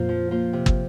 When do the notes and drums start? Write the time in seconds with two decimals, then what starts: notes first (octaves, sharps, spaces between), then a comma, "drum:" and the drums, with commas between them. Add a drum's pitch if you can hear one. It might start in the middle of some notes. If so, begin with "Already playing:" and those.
Already playing: F2 A#2 A#3 F4 C5
0.09 F3
0.31 A#3 F4 C5
0.53 C3
0.66 drum: kick